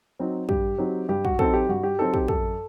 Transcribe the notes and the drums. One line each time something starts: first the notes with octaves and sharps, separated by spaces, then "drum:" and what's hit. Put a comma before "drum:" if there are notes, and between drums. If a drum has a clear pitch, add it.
F#3 C4 D#4
G2 G4, drum: kick
F#3 C4 D#4
G2 G4
F#4, drum: kick
F#3 C4 D#4 A4, drum: kick
G4
G2 F#4
G4
F#3 C4 D#4 A4
G4, drum: kick
F#2 A4, drum: kick